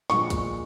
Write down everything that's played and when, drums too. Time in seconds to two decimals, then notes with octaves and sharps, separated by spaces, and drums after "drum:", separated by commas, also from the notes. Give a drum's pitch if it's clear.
0.10 A#1 A#2 F3 G#3 C#6, drum: snare
0.30 drum: kick, hi-hat